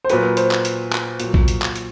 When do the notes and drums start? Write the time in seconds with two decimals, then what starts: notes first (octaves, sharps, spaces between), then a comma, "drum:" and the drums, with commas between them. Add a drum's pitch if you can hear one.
0.05 C5
0.10 A#2 F#3 B4, drum: hi-hat
0.37 C5, drum: hi-hat
0.51 drum: clap
0.65 drum: hi-hat
0.92 drum: clap
1.20 A#2 F#3, drum: hi-hat
1.34 drum: kick A#1
1.48 drum: hi-hat
1.62 drum: clap
1.76 drum: hi-hat